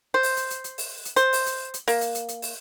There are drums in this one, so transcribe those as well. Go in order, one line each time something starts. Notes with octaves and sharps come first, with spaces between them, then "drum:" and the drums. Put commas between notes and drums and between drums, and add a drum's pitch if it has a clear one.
C5
drum: open hi-hat
drum: hi-hat
drum: hi-hat
drum: hi-hat
drum: open hi-hat
drum: hi-hat
C5, drum: hi-hat
drum: open hi-hat
drum: hi-hat
drum: hi-hat
A#3, drum: open hi-hat
drum: hi-hat
drum: hi-hat
drum: hi-hat
drum: open hi-hat